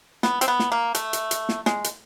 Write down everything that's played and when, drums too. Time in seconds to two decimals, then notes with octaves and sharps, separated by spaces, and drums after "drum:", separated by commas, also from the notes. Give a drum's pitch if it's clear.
0.23 B3, drum: snare
0.41 C4, drum: hi-hat
0.48 B3
0.59 drum: snare
0.72 A#3
0.95 A3, drum: hi-hat
1.13 drum: hi-hat
1.31 drum: hi-hat
1.49 drum: snare
1.66 G#3, drum: snare
1.84 drum: hi-hat